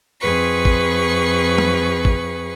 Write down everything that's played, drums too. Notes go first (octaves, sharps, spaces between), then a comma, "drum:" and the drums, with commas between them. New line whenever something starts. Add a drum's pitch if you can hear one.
F2 G#4 B4 C#6
drum: kick
drum: tom F#3
drum: kick